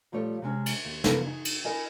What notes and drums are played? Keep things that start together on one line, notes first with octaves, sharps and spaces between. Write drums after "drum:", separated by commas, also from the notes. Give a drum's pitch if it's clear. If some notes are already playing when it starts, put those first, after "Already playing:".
A#2 F3 G3 A3 C#5
C3 G#3 C#4
drum: cymbal
D#2
F3 B3 C#4 A4 A#4, drum: snare
D#4 G#4
drum: cymbal
E4 A#4 D#5 G#5